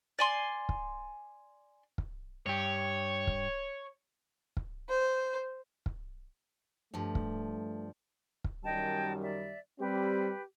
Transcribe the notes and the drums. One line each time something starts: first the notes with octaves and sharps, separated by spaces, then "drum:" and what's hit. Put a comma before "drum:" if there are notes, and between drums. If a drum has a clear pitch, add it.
D5 G#5 C6
drum: kick
drum: kick
G2 G4 C#5
drum: kick
drum: kick
C5
drum: kick
G2 F3 A3
drum: kick
drum: kick
F#2 D#3 G3 D#5 G5 A5
D5 E5
G3 C4 G4 B4